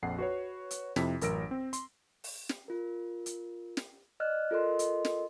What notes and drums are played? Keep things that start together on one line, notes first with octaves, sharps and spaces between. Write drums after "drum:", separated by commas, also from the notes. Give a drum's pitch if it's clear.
A#1 F2 F#5 C7
F#4 B4 C#5
drum: hi-hat
F2 C3 E4 B6, drum: snare
A1 F#2 A#4 E6 A#6 D7, drum: hi-hat
C4
C6, drum: hi-hat
drum: open hi-hat
drum: snare
F4 A#4
drum: hi-hat
drum: snare
D5 D#5 F6 F#6
F4 A4 A#4 D#5 C6
drum: hi-hat
drum: snare